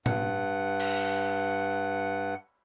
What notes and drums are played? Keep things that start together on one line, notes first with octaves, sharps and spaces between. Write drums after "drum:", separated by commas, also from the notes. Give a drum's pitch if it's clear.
G2 F#5, drum: tom A2
drum: cymbal